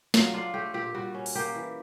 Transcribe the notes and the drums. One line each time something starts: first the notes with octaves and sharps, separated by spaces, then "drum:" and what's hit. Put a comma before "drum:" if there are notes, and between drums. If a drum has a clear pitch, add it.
F#3 F4, drum: snare
D4 F4
A3 G4
A#2 G4
G3 F#4
C#4
drum: open hi-hat
A#3 G4
E3